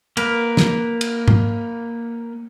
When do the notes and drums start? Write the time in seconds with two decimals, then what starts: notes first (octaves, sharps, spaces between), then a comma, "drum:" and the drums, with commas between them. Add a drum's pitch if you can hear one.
0.17 A#3 A#4 B4, drum: cymbal
0.57 drum: snare
1.01 drum: cymbal
1.28 drum: tom G#2